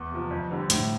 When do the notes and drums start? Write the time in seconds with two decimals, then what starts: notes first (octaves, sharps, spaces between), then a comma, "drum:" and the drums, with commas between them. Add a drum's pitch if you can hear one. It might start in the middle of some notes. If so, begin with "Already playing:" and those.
Already playing: E2
0.11 C3 F3
0.31 F2
0.51 D3 G3 C4
0.70 A2, drum: hi-hat